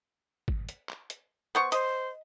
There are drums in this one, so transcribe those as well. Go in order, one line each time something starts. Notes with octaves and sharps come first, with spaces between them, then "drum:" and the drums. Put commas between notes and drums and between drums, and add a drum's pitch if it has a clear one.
drum: kick
drum: hi-hat
drum: clap
drum: hi-hat
B3 C5 C#6
C5 D#5, drum: hi-hat